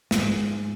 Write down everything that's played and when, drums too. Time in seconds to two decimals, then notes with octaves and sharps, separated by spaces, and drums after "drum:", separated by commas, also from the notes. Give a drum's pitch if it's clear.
0.11 G#2, drum: snare